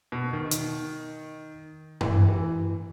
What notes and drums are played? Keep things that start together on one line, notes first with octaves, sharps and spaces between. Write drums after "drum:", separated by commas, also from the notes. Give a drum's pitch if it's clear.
B2
D#3
drum: hi-hat
E3, drum: tom G2
E3